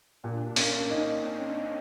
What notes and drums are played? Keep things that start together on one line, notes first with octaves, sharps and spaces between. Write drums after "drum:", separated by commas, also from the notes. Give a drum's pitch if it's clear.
A#2 D4
A#3 C#4, drum: open hi-hat
C4 D#4